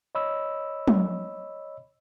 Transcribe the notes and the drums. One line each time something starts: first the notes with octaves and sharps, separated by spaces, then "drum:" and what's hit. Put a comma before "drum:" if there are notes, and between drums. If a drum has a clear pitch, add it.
C#5 D#5 B5 E6
drum: tom